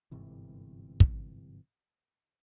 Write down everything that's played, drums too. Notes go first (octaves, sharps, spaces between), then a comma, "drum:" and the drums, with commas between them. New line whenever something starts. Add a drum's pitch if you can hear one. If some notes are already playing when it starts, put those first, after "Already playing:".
G1 G#2 C3 E3
drum: kick